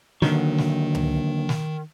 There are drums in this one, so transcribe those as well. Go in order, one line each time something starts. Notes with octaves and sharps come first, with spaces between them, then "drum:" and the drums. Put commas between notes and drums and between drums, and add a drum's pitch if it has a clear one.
D#2 D3 D#3 F#3, drum: snare
drum: snare
drum: tom C#2
drum: snare